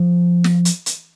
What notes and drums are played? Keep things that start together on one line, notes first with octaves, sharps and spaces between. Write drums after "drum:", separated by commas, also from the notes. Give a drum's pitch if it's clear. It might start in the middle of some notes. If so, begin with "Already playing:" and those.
Already playing: F3
drum: snare
drum: hi-hat
drum: hi-hat